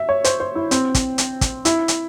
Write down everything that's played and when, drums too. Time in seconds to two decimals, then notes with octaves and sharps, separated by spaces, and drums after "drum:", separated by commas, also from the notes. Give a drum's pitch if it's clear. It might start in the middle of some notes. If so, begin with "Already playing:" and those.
Already playing: E5
0.09 C#5
0.24 C5, drum: hi-hat
0.40 C5
0.55 E4
0.71 C4, drum: hi-hat
0.95 drum: kick, hi-hat
1.18 drum: hi-hat
1.41 drum: kick, hi-hat
1.65 E4, drum: hi-hat
1.88 drum: hi-hat